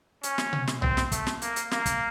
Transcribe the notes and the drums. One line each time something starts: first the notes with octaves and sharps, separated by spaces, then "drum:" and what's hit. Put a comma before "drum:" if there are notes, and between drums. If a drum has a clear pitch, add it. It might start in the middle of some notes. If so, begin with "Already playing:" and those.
C#4, drum: hi-hat
drum: snare
drum: tom B2
drum: snare
C4, drum: tom B1
drum: snare
A3, drum: kick, hi-hat
drum: snare
A#3, drum: hi-hat
drum: hi-hat
A#3, drum: snare
drum: kick, hi-hat